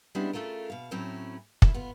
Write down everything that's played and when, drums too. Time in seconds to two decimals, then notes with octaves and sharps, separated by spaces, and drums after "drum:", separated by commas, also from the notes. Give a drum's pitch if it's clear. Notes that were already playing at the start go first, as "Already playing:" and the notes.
0.15 G3 G#3 B3 C#4 D4 E4
0.33 C#3 A3 F4 A4 A#4
0.70 B2 F5
0.91 A2 F#3 C4 C#4 E4
1.62 E4 A4, drum: kick
1.74 B3 F4